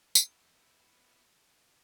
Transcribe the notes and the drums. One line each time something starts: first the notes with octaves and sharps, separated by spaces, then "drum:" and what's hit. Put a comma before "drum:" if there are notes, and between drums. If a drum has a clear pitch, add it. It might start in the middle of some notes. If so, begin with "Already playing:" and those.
B3 E4, drum: tambourine